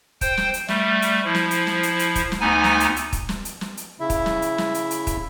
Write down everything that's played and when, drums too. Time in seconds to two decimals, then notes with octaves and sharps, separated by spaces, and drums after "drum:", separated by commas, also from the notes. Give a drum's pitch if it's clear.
0.21 C5 G5, drum: kick, hi-hat
0.37 drum: snare
0.54 drum: hi-hat
0.68 G3 A3, drum: snare
1.02 drum: hi-hat
1.25 F3 E4
1.35 drum: snare
1.51 drum: hi-hat
1.67 drum: snare
1.83 drum: hi-hat
1.99 drum: hi-hat
2.15 drum: kick, hi-hat
2.32 drum: snare
2.41 D2 B3 D#4 G#5
2.64 drum: snare
2.80 drum: hi-hat
2.96 drum: hi-hat
3.13 drum: kick, hi-hat
3.29 drum: snare
3.45 drum: hi-hat
3.61 drum: snare
3.77 drum: hi-hat
4.00 C#3 E4 E5
4.10 drum: kick, hi-hat
4.26 drum: snare
4.42 drum: hi-hat
4.58 drum: snare
4.74 drum: hi-hat
4.91 drum: hi-hat
5.07 drum: kick, hi-hat